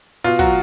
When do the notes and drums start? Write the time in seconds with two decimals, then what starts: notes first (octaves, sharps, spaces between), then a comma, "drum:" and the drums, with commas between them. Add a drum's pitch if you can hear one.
0.24 B2 F4
0.39 F#3 F#4, drum: kick, hi-hat